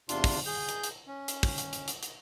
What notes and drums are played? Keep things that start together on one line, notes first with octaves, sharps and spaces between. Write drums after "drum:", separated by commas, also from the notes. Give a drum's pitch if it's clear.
E2 C3 D4 F4 C6, drum: hi-hat
drum: kick, open hi-hat
G#4 G6
drum: hi-hat
drum: hi-hat
C#4
drum: hi-hat
drum: kick, open hi-hat
drum: hi-hat
drum: hi-hat
drum: hi-hat
drum: hi-hat